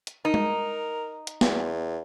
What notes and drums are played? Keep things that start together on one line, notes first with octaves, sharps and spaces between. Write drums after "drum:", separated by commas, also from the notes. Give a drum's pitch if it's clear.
drum: hi-hat
D#4 A#4
drum: tom G#3
drum: hi-hat
E2, drum: snare